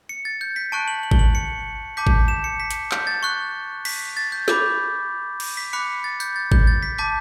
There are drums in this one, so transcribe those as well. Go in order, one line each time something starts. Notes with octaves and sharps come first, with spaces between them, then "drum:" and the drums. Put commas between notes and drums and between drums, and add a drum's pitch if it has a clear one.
C#7
A6
G6
B6
A5 C#6 F#6 D7
F#7
F#7
G7, drum: kick G#1
F#7
C#7
A5 D6 G6 B6
drum: kick G#1
E7
C#7
B6
drum: hi-hat
G6, drum: clap
A6
C#6 F#6
B6, drum: cymbal
A6
G6
B5 D6 G6, drum: snare
drum: cymbal
B6
B5 D6 F#6 C#7
A6
G6, drum: tambourine
A6
G6, drum: kick G#1
A6
B6
A5 D6 G6 B6